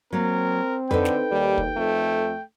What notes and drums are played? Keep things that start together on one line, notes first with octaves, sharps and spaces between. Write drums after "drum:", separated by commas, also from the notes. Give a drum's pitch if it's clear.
F#3 A#3 C4 A#4
D3 D#4 A4 B4 G5, drum: tom F2
drum: snare
D#2 G3
drum: kick
F2 A3